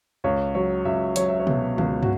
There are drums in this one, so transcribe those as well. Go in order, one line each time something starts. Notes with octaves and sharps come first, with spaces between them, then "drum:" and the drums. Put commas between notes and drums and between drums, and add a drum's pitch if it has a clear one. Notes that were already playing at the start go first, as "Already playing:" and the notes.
C#2 C#5
F#3 C#5
C#2 E5
F#3 C#5, drum: hi-hat
E5
C#5
B2, drum: tom C3
C#2, drum: tom D3
F#4, drum: tom